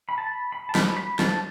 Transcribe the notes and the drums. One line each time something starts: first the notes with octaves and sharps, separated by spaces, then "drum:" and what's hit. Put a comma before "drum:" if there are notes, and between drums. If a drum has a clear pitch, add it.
B5
A5
B5
B5
A5
B5, drum: snare
B5
A5, drum: snare